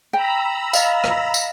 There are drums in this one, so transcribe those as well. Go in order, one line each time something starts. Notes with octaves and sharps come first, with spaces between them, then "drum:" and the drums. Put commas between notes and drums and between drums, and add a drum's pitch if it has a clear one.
G5 A#5 B5 E6
D#5 F5, drum: tambourine
drum: rim click
drum: tambourine